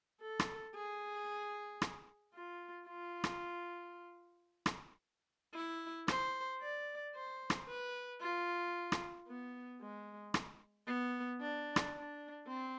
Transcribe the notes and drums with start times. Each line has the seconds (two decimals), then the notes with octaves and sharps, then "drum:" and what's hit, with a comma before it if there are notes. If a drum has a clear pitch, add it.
0.21 A4
0.39 drum: rim click
0.76 G#4
1.82 drum: rim click
2.34 F4
2.88 F4
3.24 drum: rim click
4.66 drum: rim click
5.54 E4
6.08 C5, drum: rim click
6.62 D5
7.15 C5
7.50 drum: rim click
7.68 B4
8.21 F4
8.92 drum: rim click
9.27 B3
9.81 G#3
10.34 drum: rim click
10.87 B3
11.41 D4
11.76 drum: rim click
11.94 D4
12.48 C4